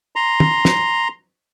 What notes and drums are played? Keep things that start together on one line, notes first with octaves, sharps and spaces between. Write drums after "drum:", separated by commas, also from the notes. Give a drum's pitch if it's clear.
A#5 C6
drum: tom
drum: snare